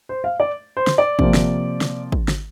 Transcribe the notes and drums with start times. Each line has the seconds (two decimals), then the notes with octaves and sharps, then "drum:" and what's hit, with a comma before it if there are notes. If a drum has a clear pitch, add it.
0.09 C5
0.24 F5
0.40 D5
0.77 C5
0.87 drum: snare
0.98 D5
1.19 C3 F3 A#3, drum: kick
1.34 drum: snare
1.81 drum: snare
2.12 drum: kick
2.28 drum: snare